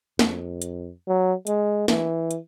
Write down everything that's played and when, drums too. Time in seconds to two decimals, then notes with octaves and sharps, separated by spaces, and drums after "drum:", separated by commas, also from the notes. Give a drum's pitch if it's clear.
0.19 F2, drum: snare
0.62 drum: hi-hat
1.08 F#3
1.47 G#3, drum: hi-hat
1.88 E3, drum: snare
2.31 drum: hi-hat